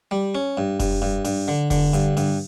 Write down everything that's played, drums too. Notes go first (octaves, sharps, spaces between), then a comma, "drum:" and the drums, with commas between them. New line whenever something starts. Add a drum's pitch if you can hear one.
G3
C#4
G2
G2, drum: kick F1, open hi-hat
G2
G2, drum: open hi-hat
D3
D3, drum: kick F1, open hi-hat
G2, drum: hi-hat
G2, drum: open hi-hat